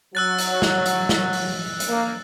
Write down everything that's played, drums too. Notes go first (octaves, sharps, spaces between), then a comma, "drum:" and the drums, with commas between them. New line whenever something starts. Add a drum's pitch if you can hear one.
F#3 E6 F#6 A6
drum: hi-hat
drum: snare
drum: hi-hat
drum: snare
drum: open hi-hat
drum: hi-hat
A#3